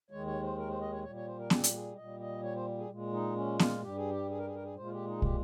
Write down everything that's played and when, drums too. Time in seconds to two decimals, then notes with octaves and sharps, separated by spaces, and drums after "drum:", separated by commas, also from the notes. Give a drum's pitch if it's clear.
0.11 D#2 D#3 G#3 C#5
0.27 C#5
0.42 C5
0.58 A#4
0.69 C5
0.81 D#5
0.93 C#5
1.03 A#2 G3 C#5
1.15 C#5
1.27 C5
1.39 A#4
1.50 G#4, drum: snare B3
1.64 drum: hi-hat
1.73 G#4
1.96 A#2 G3 D#5
2.20 D#5
2.43 C#5
2.55 C5
2.78 G#4
2.90 A#2 G#3
3.13 D#4
3.36 C#4
3.59 F4, drum: snare B3
3.82 G2 G3 G4
3.96 G#4
4.10 G4
4.29 G#4
4.38 A#4
4.47 G#4
4.55 A#4
4.64 G#4
4.75 A#2 G#3 C5
4.85 F4
4.91 G4
5.07 D#4
5.18 G#4
5.22 G4, drum: kick